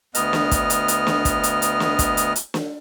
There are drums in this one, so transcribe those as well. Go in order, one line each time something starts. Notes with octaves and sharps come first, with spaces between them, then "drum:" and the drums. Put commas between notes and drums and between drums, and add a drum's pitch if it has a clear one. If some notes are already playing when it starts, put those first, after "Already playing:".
D2 B3 D#5 F6, drum: hi-hat
drum: snare
drum: kick, hi-hat
drum: hi-hat
drum: hi-hat
drum: snare
drum: kick, hi-hat
drum: hi-hat
drum: hi-hat
drum: snare
drum: kick, hi-hat
drum: hi-hat
drum: hi-hat
drum: snare